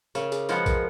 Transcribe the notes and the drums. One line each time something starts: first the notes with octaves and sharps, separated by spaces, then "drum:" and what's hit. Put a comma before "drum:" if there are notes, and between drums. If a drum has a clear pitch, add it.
C#3 A#4, drum: tambourine
G#4, drum: tambourine
F3 G#3 B3 G#4, drum: tambourine
A#4, drum: kick, tambourine